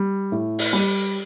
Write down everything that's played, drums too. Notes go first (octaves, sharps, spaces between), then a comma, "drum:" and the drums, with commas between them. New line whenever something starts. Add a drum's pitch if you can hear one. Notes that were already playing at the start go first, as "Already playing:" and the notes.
Already playing: G3
A2
drum: open hi-hat
G3